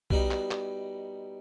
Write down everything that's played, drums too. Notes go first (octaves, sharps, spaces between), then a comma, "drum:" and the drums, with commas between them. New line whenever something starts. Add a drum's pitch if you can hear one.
B2 G3 D#4, drum: kick B1
drum: clap
drum: clap